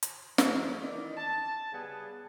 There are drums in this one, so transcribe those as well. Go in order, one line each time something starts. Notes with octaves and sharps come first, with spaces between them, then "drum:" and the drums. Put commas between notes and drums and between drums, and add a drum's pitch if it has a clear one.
drum: hi-hat
C#3 E3 F3, drum: snare
D#3 E3 D#4 D5
A5
C#3 G3 B3 G#4 A5